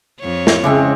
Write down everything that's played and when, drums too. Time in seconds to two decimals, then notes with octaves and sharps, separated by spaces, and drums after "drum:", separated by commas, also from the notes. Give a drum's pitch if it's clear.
0.20 F2 C#5
0.47 drum: snare
0.64 C#3 E3 G#3 C4